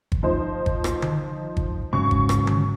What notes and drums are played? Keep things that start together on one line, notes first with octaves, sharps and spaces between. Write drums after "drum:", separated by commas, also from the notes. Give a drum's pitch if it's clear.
drum: kick
F3 D#4 C5
drum: kick
drum: rim click
drum: tom D3
drum: kick
G#2 C#3 F#3 C#6
drum: kick
drum: rim click
drum: tom D3